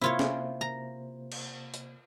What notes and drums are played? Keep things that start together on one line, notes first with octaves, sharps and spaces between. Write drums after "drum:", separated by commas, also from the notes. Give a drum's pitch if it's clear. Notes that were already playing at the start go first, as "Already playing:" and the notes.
C3 A#3 E4 F4 C5 C#5
drum: snare
A#5
drum: cymbal
drum: hi-hat